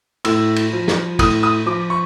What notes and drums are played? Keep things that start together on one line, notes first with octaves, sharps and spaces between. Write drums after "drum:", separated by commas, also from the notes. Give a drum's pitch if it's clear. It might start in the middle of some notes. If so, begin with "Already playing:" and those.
A2 E6, drum: cymbal
drum: cymbal
F3
drum: snare
A2 D#6, drum: kick, cymbal
D#6
F3 D6
C#6